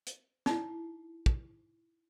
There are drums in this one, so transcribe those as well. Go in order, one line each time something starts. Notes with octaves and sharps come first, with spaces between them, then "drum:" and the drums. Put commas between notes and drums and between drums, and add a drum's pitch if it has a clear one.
drum: hi-hat
D#4 E4, drum: snare
drum: kick